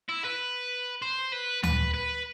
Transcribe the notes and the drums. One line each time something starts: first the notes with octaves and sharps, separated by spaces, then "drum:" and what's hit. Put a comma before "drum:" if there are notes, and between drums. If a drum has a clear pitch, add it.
E4
B4
C5
B4
B4, drum: tom D2
B4